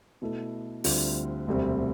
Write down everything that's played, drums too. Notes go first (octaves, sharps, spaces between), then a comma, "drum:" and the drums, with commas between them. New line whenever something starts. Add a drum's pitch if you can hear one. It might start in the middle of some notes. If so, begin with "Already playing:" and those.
B2 A3 E4 A4
D2 D3 G3 C4 F4, drum: open hi-hat
E1 D2 C3 G3 C4